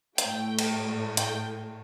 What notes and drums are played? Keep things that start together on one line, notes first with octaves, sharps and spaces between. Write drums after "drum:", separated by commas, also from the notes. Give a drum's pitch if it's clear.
A2 A3 G5, drum: hi-hat
drum: cymbal
G5, drum: hi-hat